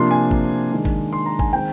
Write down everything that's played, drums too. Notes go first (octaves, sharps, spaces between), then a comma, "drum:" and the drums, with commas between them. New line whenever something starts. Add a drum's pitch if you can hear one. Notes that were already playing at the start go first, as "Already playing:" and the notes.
Already playing: C3 F3 A#3 D4 C6
G#5
drum: kick G#1
D#3 G#3 D4
drum: kick G#1
C6
A#5
G#5, drum: kick G#1
D#3 G#3 C4 G5